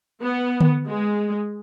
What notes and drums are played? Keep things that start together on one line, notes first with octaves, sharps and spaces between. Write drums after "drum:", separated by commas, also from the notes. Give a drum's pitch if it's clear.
B3
drum: tom D3
G#3